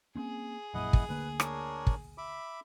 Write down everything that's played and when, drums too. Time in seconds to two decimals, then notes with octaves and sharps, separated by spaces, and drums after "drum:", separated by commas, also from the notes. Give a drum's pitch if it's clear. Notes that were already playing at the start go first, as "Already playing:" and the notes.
0.16 A#3 C4 C#4 G#4
0.74 A#1 F#2 A#2 E4 D#5 F#5
0.93 drum: kick
1.09 D2 D3 A#3 B4
1.40 D4 A#4 C#5, drum: rim click
1.87 drum: kick
2.18 E5 B5 D6